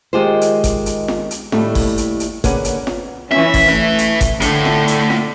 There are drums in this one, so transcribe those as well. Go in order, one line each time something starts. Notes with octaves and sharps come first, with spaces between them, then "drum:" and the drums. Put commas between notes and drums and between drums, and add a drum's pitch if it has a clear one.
D#3 G#3 F4 G4 G#4 C5
drum: hi-hat
drum: kick G1, hi-hat
drum: hi-hat
drum: snare F4
drum: hi-hat
D#2 A2 G3 A3, drum: snare F4
drum: kick G1, open hi-hat
drum: hi-hat
drum: hi-hat
D3 A#3 C#4 G#4 B4 F#5, drum: kick G1, hi-hat
drum: hi-hat
drum: snare F4
E3 C#4 E5, drum: snare F4
drum: kick G1, open hi-hat
A3 B4 E5
drum: hi-hat
drum: kick G1, hi-hat
A2 D3 A3, drum: hi-hat
drum: snare F4
drum: hi-hat
drum: snare F4